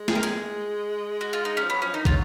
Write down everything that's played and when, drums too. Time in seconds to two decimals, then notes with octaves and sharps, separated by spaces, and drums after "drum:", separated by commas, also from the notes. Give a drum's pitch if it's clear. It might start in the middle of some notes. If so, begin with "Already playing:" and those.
Already playing: G#3
0.08 G#4, drum: snare
0.15 A#4
0.23 G#4, drum: hi-hat
1.21 F#4
1.33 F4
1.45 D#4
1.57 C#4
1.63 F3
1.69 F#3 B3
1.82 F3 C#4
1.94 D#3 D#4
2.05 F#3 F4, drum: kick